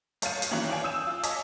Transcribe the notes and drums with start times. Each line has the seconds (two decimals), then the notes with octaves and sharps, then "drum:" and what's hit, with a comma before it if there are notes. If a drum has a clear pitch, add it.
0.22 G1 C#5 F5 A6 D#7, drum: hi-hat
0.42 drum: hi-hat
0.51 D#3 E3 F#3 C#4 F#4 C#5
0.70 C#5 D5 F5 G5 G#5
0.83 D#6 E6 G6 D#7 E7
1.07 F4
1.23 C#5 D#5 G#5 A5 D6 B6, drum: hi-hat